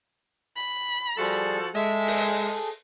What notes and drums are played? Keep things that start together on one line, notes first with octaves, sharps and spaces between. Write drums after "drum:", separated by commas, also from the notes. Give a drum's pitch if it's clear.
B5
F3 G3 F#4 G#4 A4
G#3 G#4 A4 E5
drum: open hi-hat